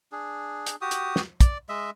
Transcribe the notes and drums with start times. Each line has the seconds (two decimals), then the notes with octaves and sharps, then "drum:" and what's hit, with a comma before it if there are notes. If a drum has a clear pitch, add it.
0.12 D4 G#4
0.66 drum: hi-hat
0.81 F#4 G4 D#6
0.91 drum: hi-hat
1.16 drum: snare
1.41 D5, drum: kick, hi-hat
1.69 G#3 D#5 E5